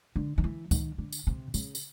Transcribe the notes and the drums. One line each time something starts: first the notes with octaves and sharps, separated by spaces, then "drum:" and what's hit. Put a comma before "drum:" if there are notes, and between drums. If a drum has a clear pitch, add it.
D3
D#3
E3
D#3, drum: kick C#2, tambourine
D3
drum: tambourine
C3
C#3, drum: tambourine
drum: tambourine